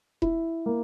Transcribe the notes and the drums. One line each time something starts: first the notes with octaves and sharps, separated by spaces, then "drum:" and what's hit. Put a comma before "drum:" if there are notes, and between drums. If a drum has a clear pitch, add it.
E4, drum: kick E1
A#3